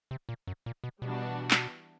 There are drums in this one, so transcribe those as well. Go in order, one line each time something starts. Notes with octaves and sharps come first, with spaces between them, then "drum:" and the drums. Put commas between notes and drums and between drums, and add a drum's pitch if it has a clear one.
C3
A#2
F#2
A#2
B2
B2 E3 G3 B3 D4 F#4
drum: clap